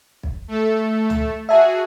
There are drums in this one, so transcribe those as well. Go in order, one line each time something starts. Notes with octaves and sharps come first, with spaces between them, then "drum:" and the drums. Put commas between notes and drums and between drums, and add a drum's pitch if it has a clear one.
drum: kick
A3 A4
drum: tom C#2
F#4 G#4 E5 A5